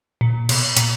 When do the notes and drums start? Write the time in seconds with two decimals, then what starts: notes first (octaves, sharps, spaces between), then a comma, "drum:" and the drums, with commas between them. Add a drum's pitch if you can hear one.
0.21 A#2
0.49 B2, drum: cymbal
0.77 A#2, drum: hi-hat